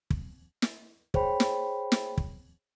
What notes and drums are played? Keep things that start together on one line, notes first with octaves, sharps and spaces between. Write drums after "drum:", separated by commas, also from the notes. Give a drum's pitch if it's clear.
drum: kick
drum: snare
G#4 C5 C#5 G5 B5, drum: kick
drum: snare
drum: snare
drum: kick